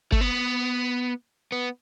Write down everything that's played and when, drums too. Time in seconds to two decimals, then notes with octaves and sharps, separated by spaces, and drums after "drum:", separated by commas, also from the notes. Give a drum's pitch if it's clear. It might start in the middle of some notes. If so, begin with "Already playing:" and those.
0.12 A3, drum: kick G1
0.21 B3
1.52 B3